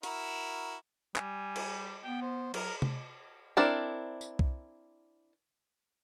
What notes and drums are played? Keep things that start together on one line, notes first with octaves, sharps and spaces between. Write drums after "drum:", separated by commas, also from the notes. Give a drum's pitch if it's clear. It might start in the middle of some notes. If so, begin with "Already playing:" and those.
E4 F#4 A#4, drum: hi-hat
G3 G#5, drum: clap
drum: cymbal
B3 G5
C5
F#3 A#4, drum: cymbal
drum: tom C3
C4 D4 E4 A#4 D5
drum: tambourine
drum: kick B1